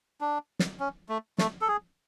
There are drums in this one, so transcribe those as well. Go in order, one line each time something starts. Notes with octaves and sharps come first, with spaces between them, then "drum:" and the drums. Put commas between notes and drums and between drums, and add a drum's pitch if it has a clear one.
D4
drum: snare
C#4
A3
A3, drum: snare
A4
G#4